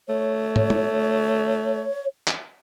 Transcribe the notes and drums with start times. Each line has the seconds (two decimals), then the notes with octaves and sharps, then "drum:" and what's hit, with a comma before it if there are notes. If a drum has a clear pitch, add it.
0.09 A3 C#5
0.56 drum: tom
0.70 drum: tom
2.27 drum: clap